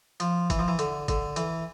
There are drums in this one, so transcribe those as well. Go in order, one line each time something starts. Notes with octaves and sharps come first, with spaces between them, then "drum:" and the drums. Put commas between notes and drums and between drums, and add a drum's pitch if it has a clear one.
F3, drum: hi-hat
E3, drum: kick, hi-hat
F3
E3
D3, drum: hi-hat
D3, drum: kick, hi-hat
E3, drum: hi-hat